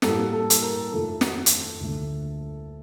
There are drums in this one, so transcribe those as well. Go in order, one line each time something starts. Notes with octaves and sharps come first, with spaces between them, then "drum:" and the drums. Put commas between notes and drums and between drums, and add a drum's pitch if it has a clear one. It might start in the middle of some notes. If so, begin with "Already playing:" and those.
A2 G3 A#3 A4, drum: snare
A4
drum: hi-hat
A#4
F2 D#3 A3 A4
drum: snare
drum: hi-hat
D2 D3 A3